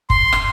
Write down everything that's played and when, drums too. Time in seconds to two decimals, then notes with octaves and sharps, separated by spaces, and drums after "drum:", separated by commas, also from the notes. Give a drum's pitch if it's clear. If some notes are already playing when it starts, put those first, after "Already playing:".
0.10 C6, drum: kick F#1
0.33 drum: rim click